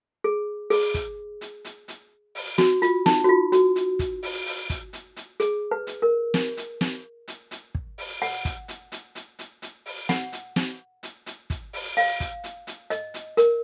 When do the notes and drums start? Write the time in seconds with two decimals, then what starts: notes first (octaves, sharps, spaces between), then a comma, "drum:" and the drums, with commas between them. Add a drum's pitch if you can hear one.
0.24 G#4
0.70 G#4, drum: open hi-hat
0.94 drum: kick, hi-hat
1.41 drum: hi-hat
1.65 drum: hi-hat
1.88 drum: hi-hat
2.35 drum: open hi-hat
2.58 F#4, drum: snare
2.82 F4, drum: hi-hat
3.06 D#4, drum: snare
3.24 F#4
3.29 F4
3.52 F#4, drum: hi-hat
3.76 drum: hi-hat
3.99 drum: kick, hi-hat
4.23 drum: open hi-hat
4.46 drum: open hi-hat
4.70 drum: kick, hi-hat
4.93 drum: hi-hat
5.17 drum: hi-hat
5.40 G#4, drum: hi-hat
5.71 B4
5.87 drum: hi-hat
6.02 A#4
6.34 drum: snare
6.57 drum: hi-hat
6.81 drum: snare
7.28 drum: hi-hat
7.51 drum: hi-hat
7.75 drum: kick
7.98 drum: open hi-hat
8.22 F#5, drum: open hi-hat
8.45 drum: kick, hi-hat
8.68 drum: hi-hat
8.92 drum: hi-hat
9.15 drum: hi-hat
9.39 drum: hi-hat
9.62 drum: hi-hat
9.86 drum: open hi-hat
10.09 F#5, drum: snare
10.33 drum: hi-hat
10.56 drum: snare
11.03 drum: hi-hat
11.26 drum: hi-hat
11.50 drum: kick, hi-hat
11.73 drum: open hi-hat
11.97 F5, drum: open hi-hat
12.20 drum: kick, hi-hat
12.44 drum: hi-hat
12.67 drum: hi-hat
12.90 D#5, drum: hi-hat
13.14 drum: hi-hat
13.37 A#4, drum: hi-hat